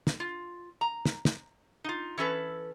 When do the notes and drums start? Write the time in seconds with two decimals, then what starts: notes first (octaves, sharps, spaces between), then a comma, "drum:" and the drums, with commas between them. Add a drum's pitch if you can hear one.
0.07 drum: snare
0.20 F4
0.81 A#5
1.05 drum: snare
1.25 drum: snare
1.84 D#4 F4
2.18 E3 C#4 A4 B4